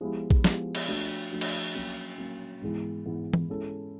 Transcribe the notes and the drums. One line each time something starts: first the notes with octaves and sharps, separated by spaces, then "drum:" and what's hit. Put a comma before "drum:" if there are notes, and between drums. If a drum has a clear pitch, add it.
F3 G#3 B3 E4 G4
drum: kick
F3 G#3 B3 E4 G4, drum: snare
drum: cymbal
F3 A3 D4 F#4
F3 A3 D4 F#4
drum: cymbal
F#3 A#3 C#4
F#3 A#3 C#4
G#2 E3 G#3 B3 E4
G#2 E3 G#3 B3 E4
drum: tom E3
G#3 C#4 E4 A4